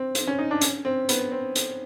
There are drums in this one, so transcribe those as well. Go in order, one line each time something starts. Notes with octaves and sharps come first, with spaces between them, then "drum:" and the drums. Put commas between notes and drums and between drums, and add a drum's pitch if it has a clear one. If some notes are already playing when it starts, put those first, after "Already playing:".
Already playing: C4
C4, drum: hi-hat
C#4
D#4
D4
C#4, drum: hi-hat
C4
B3, drum: hi-hat
C4
drum: hi-hat